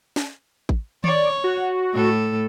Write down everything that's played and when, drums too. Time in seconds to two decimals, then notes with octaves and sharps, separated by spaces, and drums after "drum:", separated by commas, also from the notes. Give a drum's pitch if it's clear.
0.16 drum: snare
0.69 drum: kick A1
1.04 C#5 D5, drum: tom D#3
1.44 F#4
1.94 A2 A4